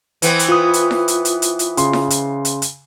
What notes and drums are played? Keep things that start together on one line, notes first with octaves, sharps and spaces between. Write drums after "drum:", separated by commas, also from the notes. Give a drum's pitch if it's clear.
E3 B3 C4, drum: hi-hat
drum: hi-hat
F4 D#6
drum: hi-hat
drum: snare E4
drum: hi-hat
drum: hi-hat
drum: hi-hat
drum: hi-hat
C#3 C6, drum: hi-hat
drum: snare E4
drum: hi-hat
drum: hi-hat
drum: hi-hat